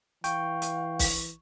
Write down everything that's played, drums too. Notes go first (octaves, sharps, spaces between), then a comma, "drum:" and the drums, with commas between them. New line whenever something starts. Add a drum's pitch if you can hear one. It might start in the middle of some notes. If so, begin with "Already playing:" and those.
E3 F5 G5 C#6, drum: hi-hat
drum: hi-hat
drum: kick, open hi-hat